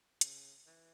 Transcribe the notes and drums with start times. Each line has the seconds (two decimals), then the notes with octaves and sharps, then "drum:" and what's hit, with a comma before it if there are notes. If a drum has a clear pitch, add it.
0.21 C#3, drum: hi-hat
0.67 E3